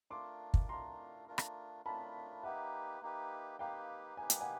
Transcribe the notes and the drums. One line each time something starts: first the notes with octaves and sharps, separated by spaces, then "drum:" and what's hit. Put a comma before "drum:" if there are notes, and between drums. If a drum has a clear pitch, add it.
A3 D4 F4 A#4 C6 D6
drum: kick
A3 D4 F4 A#4 A#5 C6
A3 D4 F4 A#4
drum: rim click
A3 D4 F4 A#4 A5 B5
A#3 D#4 G4 B4 E5 F#5
A#3 D#4 G4 B4
A#3 D#4 G4 B4 F5 G5
A#3 D#4 G4 B4 G#5
G5, drum: hi-hat
F#5 G#5